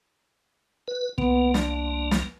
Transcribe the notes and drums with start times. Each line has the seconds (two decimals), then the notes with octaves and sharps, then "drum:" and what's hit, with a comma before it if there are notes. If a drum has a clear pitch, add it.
0.88 B4
1.18 C2 A#3 B3, drum: kick
1.54 D4, drum: snare
2.11 drum: snare